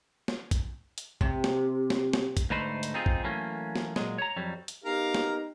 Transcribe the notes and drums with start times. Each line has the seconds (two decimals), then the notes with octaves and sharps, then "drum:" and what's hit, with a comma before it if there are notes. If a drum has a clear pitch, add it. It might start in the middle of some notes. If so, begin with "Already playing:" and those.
0.28 drum: snare
0.51 drum: kick, hi-hat
0.98 drum: hi-hat
1.21 C3, drum: kick
1.44 drum: snare
1.90 drum: snare
2.13 drum: snare
2.37 drum: kick, hi-hat
2.50 D2 G#2 A3 D#4 B4 C5
2.83 drum: hi-hat
2.94 C4 D#4 F4 G#4
3.06 drum: kick
3.23 E3 F#3 A3 A#3 C#4
3.76 drum: snare
3.96 A#2 F#3 G#3, drum: snare
4.18 C#5 A#5
4.36 F2 F#3 G3
4.68 drum: hi-hat
4.85 B3 D#4 G4 A#4 F5
5.15 drum: snare